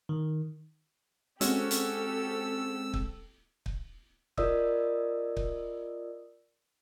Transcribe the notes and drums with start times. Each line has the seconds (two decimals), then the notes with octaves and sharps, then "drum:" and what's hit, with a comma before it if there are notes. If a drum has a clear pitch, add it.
0.09 D#3
1.41 G#3 C4 C#4 F#4 G4 A4 E6, drum: hi-hat
1.71 drum: hi-hat
2.94 drum: kick
3.66 drum: kick
4.38 F4 A#4 D5 D#5 D#6 E6, drum: kick
5.37 drum: kick